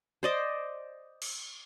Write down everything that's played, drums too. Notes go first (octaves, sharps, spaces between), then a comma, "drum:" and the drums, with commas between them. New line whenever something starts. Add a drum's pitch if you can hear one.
C5 D5 D#5
drum: cymbal